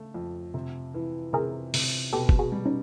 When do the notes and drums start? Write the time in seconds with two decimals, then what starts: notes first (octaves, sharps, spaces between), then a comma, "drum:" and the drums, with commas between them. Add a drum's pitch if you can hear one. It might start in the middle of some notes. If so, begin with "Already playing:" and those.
Already playing: C#3 A3
0.14 F2
0.54 C3
0.94 E3
1.33 C3 G#4 A#4
1.74 C3, drum: open hi-hat
2.13 B2 G4 A4
2.29 drum: kick
2.39 F#4 G#4
2.52 G3
2.66 C#4 D#4